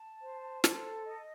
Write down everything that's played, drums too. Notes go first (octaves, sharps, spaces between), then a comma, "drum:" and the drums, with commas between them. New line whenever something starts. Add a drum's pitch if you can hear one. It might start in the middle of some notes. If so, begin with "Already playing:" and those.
Already playing: A5
C5
A4, drum: snare
D#5